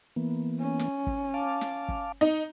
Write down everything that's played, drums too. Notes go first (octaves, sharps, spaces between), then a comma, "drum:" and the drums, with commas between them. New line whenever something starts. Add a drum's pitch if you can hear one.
E3 A#3 B3
C#4
drum: snare
drum: kick
F5 A5 D6
drum: snare
drum: kick
D#4